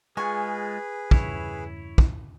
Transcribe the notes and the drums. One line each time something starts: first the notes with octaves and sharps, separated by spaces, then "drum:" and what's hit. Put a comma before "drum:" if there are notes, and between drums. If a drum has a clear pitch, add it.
G#3 F4 G#4 B4 G#5 C#6
E2 G2 C#3 E4 C#5, drum: kick
drum: kick